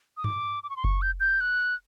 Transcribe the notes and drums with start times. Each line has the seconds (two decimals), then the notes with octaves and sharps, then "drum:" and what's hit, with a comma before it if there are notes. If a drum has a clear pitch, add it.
0.17 D#6
0.24 D6, drum: tom G2
0.63 D6
0.70 C#6
0.77 C6
0.84 C#6, drum: kick F#1
1.02 G6
1.20 G6
1.41 F#6